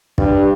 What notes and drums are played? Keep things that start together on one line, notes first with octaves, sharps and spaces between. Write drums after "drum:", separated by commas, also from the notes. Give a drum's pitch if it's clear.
G2, drum: kick